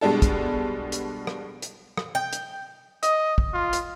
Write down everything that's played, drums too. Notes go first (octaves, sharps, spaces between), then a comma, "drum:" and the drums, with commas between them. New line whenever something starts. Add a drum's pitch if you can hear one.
B2 G3 G#3 B3 D4 A4
drum: kick, hi-hat
drum: hi-hat
drum: rim click
drum: hi-hat
drum: rim click
G5
drum: hi-hat
D#5, drum: hi-hat
drum: kick
F4
drum: hi-hat